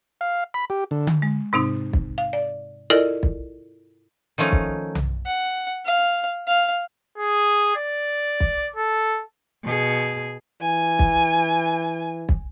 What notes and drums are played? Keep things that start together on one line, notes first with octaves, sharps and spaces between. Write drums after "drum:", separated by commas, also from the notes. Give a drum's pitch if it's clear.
F5
B5
G4
D3
drum: tom D3
G#3
G#2 C3 C4 D#4
drum: kick
F5
D5
E4 F4 A4 A#4 D5 D#5
drum: kick
D#3 F3 A3 C#4 D#4
drum: kick
drum: tom B1
F#5
F5
F5
G#4
D5
drum: kick
A4
B2 G#4
E3 G#5
drum: kick
drum: kick